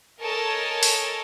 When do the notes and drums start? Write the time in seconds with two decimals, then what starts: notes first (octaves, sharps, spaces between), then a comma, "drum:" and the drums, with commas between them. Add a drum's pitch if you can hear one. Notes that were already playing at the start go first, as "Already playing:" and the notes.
0.21 A4 A#4 C#5 D#5 G#5 A5
0.83 drum: open hi-hat